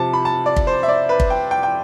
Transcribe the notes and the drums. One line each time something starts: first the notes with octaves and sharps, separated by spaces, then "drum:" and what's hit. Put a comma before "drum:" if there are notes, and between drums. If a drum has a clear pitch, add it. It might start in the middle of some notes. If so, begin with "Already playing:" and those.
Already playing: C3 F3 A5
B5
A5
D5
drum: kick
C5
E5
D5
B4
drum: kick
G5
G5
G5